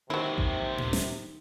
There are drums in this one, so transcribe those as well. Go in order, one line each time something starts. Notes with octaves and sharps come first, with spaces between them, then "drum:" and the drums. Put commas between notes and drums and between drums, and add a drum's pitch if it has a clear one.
C3 D#3 F#3 A#3 C4 E4 C#5 G#5
drum: kick A1
drum: tom A2
drum: snare